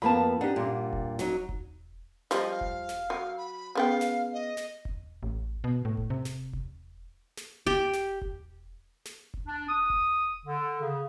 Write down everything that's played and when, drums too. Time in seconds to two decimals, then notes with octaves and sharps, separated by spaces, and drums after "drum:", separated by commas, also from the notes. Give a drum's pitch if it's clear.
0.02 F2 A#3 B3 A5 B5
0.41 D4 D#4 G4 F#5
0.56 G2 A#2
0.93 drum: kick E1
1.19 F#3 D#4, drum: snare
1.49 drum: kick E1
2.31 F3 G3 D#5, drum: snare
2.51 F5
2.61 drum: kick E1
2.89 drum: snare
3.10 F#3
3.37 B5
3.75 C#3 B3 F5 G5
4.01 drum: snare
4.33 D#5
4.57 drum: snare
4.85 drum: kick E1
5.23 A1
5.64 B2
5.85 A2
5.97 drum: kick E1
6.10 C3
6.25 drum: snare
6.53 drum: kick E1
7.37 drum: snare
7.66 G4, drum: kick E1
7.94 drum: snare
8.22 drum: kick E1
9.06 drum: snare
9.34 drum: kick E1
9.47 D4
9.68 D#6
9.90 drum: kick E1
10.46 D3
10.81 C#3